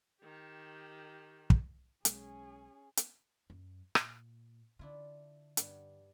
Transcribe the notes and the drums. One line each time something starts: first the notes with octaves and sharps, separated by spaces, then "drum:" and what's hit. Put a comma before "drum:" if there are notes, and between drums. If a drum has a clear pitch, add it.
D#3 G4
drum: kick
B1 G#3 C#4 G#4, drum: hi-hat
drum: hi-hat
F#2
A#2, drum: rim click
D3 D4 E4 F4
G2 F#5, drum: hi-hat